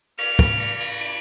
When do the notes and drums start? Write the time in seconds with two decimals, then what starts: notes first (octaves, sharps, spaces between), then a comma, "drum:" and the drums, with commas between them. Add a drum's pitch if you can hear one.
0.18 F6, drum: cymbal
0.39 drum: kick, cymbal
0.60 drum: cymbal
0.80 drum: cymbal
1.01 drum: cymbal